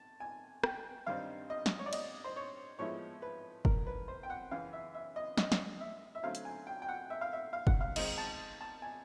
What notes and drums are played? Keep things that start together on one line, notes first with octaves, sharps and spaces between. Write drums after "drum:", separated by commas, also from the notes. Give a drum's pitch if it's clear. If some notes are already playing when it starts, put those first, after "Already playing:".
Already playing: A5
G#5
G5, drum: rim click
G2 D#3 G3 C4 D#4 F5
D#5
drum: snare
C#5
D5
D#5, drum: cymbal
C5
C#5
A2 F3 G#3 B3 E4 C#5
B4
A#4, drum: kick F#1
B4
C5
G5
F#5
F#2 C#3 E3 F5
E5
E5
D#5
D#5, drum: snare
drum: snare
E5
E5
D3 F#3 A3 C4 F5
drum: hi-hat
G#5
G5
G5
F#5
E5
F5
E5
F5
F#5, drum: kick F#1
F5
D#3 G#3 C4 D#5, drum: cymbal
A5
A5
G#5